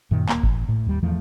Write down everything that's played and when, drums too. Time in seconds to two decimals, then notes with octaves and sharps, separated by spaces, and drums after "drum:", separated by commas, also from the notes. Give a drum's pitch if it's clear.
0.11 F#2 A#2 D#3
0.29 D1 A#3, drum: clap
0.43 A1, drum: kick G1
0.68 A2
0.86 D#2 G3
1.03 E2 E3 F3 A3